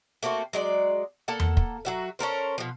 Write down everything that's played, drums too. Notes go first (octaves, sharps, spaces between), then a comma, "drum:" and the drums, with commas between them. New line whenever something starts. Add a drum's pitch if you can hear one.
A3 A#3 C4 F#4
F#3 G#3 D5
A#3 A4 F#5 A5
drum: tom E2
drum: kick
F#3 F#4 E5
C#4 A4 A#4 C5
B2 F3